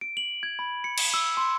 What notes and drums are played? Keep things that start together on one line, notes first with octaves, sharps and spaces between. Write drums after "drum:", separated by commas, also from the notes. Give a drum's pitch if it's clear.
D7
F#7
G#6
B5
C#7
drum: cymbal
E6
C6